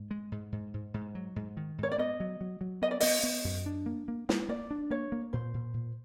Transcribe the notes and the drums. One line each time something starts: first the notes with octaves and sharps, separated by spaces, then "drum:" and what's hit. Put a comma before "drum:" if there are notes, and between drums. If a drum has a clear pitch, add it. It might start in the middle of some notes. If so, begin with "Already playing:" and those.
Already playing: G#2
G#3
G#2
G#2
G#2
G#2
F#3
G#2
D#3
G#2 C#5
D5
B3 D#5
F#3
F#3
F#3
B3 D#5
D5
B3 D#5, drum: open hi-hat
B3
F#2
D4
A#3
A#3
A#3, drum: snare
A#3 D5
D4
A#3 C#5
A#3
A#2 C5
A#2
A#2